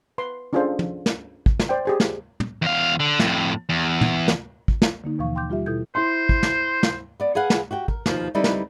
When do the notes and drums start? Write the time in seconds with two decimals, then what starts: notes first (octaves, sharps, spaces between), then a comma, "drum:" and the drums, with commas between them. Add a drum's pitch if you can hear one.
0.18 B4 C6
0.53 C#4 D4 F4 G#4 A4 C5
0.79 drum: tom
1.06 drum: snare
1.46 drum: kick
1.60 drum: snare
1.69 C5 D5 G5
1.85 G4 G#4 C5
2.00 drum: snare
2.40 drum: tom
2.62 E2 F5
3.00 D3
3.20 F2 A2, drum: snare
3.69 E2
4.01 drum: tom
4.28 drum: snare
4.68 drum: kick
4.82 drum: snare
5.04 D3 A#3 D#4
5.19 D#2 B2 E3 F3 F5 C#6
5.35 G5 C6 D6 G6
5.50 G3 F4 G4 E5
5.66 B2 E4 A4 G6 G#6
5.95 E4 C5 C6
6.29 drum: kick
6.43 drum: snare
6.83 drum: snare
7.20 B3 D5
7.35 G#4 B4 F5 F#5
7.50 drum: snare
7.71 F#4 G4 G5
7.88 A#4, drum: kick
8.06 D#2 B2 F3, drum: snare
8.34 D3 G3 C4 D#4 E4 B4
8.44 drum: snare